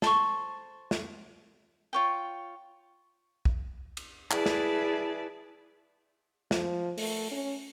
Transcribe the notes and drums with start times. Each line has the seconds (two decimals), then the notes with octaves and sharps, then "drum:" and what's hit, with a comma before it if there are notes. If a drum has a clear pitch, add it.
0.02 A4 C5 C6 C#6, drum: snare
0.91 drum: snare
1.93 F4 C#5 G5
3.45 drum: kick
3.97 drum: cymbal
4.31 E4 G#4 B4 D5 A5, drum: clap
4.46 drum: snare
6.51 F3, drum: snare
6.98 A3, drum: open hi-hat
7.31 C#4